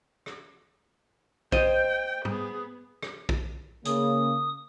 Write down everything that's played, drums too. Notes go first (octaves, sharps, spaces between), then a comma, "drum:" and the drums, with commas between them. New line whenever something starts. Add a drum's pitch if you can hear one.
drum: rim click
C5 D#5 G5, drum: kick A#1
B3 G#4, drum: tom
drum: rim click
drum: kick A#1
C#3 A#3 D#6, drum: hi-hat